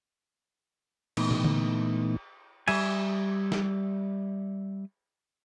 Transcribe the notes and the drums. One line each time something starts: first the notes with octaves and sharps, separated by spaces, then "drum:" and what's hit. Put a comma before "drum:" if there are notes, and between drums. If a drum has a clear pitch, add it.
A#2 E3 A3 B3 D#4, drum: cymbal
drum: tom
drum: tom D3
G3 E5 G#5, drum: cymbal
drum: snare